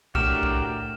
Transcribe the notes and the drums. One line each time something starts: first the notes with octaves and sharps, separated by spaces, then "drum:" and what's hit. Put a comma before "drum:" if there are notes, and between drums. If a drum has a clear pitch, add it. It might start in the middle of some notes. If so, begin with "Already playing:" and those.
A2 D4 F#4 G4 A#4 F6 E7, drum: kick B1
drum: kick B1